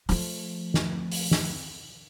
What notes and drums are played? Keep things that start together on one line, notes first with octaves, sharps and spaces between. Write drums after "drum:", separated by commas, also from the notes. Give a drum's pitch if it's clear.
F3 A3, drum: open hi-hat
drum: snare
drum: open hi-hat
drum: snare